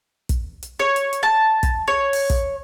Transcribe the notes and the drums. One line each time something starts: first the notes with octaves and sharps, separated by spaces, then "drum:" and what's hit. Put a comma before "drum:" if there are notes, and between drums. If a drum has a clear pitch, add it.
drum: kick, hi-hat
drum: hi-hat
C#5
drum: hi-hat
drum: hi-hat
A5
drum: kick, hi-hat
C#5
drum: open hi-hat
drum: kick, hi-hat